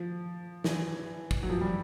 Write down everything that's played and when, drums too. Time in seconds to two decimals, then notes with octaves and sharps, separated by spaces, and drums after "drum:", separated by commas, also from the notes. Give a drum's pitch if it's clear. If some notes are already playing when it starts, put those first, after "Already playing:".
Already playing: F3
0.64 E3, drum: snare
1.31 drum: kick
1.43 F#3
1.50 F3
1.61 G3